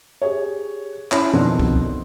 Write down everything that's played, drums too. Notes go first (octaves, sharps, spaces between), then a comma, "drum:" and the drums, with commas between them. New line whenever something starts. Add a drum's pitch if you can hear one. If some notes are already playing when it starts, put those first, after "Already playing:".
G4 G#4 C#5
C#4 E4 E5 B5, drum: clap
F2 B2 D#3 B3 C4 D4
drum: kick C2